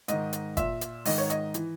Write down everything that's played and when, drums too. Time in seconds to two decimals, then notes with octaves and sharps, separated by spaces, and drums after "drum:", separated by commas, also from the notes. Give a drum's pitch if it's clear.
0.08 G#2 D#3 D#5, drum: hi-hat
0.33 drum: hi-hat
0.57 A#2 E5, drum: kick F#1, hi-hat
0.81 drum: hi-hat
1.05 G#2 D#3 D#5, drum: open hi-hat
1.18 C#5
1.30 D#5, drum: hi-hat
1.54 E3, drum: hi-hat